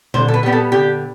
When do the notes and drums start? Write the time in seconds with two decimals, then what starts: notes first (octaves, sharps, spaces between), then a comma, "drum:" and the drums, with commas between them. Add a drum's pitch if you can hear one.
0.14 D3 C5, drum: tom A#2
0.28 A4
0.34 B4
0.43 G3 B3 G4
0.53 A4
0.72 D3 G4